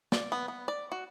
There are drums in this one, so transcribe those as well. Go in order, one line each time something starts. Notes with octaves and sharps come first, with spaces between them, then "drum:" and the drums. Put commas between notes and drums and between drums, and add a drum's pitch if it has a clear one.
D5, drum: snare
B3
B3
D5
F#4